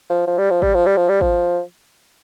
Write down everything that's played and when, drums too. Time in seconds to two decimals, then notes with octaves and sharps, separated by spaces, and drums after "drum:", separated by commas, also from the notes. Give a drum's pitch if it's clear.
0.10 F3
0.27 F3
0.38 G3
0.51 F3
0.62 G3, drum: kick G#1
0.74 F3
0.86 G3
0.97 F3
1.09 G3
1.21 F3, drum: kick G#1